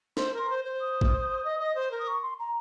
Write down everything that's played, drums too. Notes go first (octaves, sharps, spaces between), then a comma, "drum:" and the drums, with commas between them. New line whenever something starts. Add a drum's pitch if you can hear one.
C5 C6, drum: snare
A#4 C6
C5
C5
D#6
drum: kick G#1
D#5
D#5
C5
A#4
D#6
C#6
C6
A#5